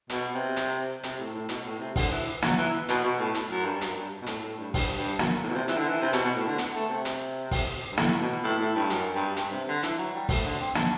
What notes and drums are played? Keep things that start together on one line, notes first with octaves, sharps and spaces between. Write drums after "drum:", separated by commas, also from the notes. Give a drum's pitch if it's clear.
B2, drum: hi-hat
C3
drum: hi-hat
C3, drum: hi-hat
A2
A2
B2, drum: hi-hat
A2
C3
D3, drum: kick, open hi-hat
E3
F#3, drum: snare
E3
B2, drum: hi-hat
B2
A2
drum: hi-hat
F#2
G2
G2
F#2, drum: hi-hat
G2
B2
A2, drum: hi-hat
A2
G2
G2, drum: kick, open hi-hat
G2
F#2, drum: snare
A2
B2
C3
E3, drum: hi-hat
D3
E3
C3
B2, drum: hi-hat
B2
A2
D3
B3, drum: hi-hat
A3
C3
drum: hi-hat
drum: kick, open hi-hat
G2
A2, drum: snare
B2
A2
A2
G2
F#2, drum: hi-hat
G2
G2, drum: hi-hat
C3
D3
E3, drum: hi-hat
F#3
G3
A3, drum: kick, open hi-hat
D3
C4
D4, drum: snare